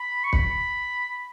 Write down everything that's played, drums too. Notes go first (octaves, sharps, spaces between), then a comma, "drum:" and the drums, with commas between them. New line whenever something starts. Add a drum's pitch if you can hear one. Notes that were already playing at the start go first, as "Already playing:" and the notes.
Already playing: B5
C#6
B5, drum: kick